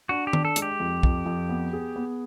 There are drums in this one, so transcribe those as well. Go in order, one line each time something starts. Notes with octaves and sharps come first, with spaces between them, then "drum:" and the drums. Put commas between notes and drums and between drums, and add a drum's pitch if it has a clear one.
D4 F#4
G4
D4, drum: tom D#3
A4
G#3, drum: hi-hat
G4
F2
F2, drum: kick
F2
B3
G#4
B3